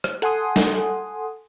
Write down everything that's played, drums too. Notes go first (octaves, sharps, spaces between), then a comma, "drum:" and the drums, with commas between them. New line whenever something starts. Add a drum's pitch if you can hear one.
drum: rim click
A4 F#5 G#5 C6 D#6, drum: hi-hat
drum: snare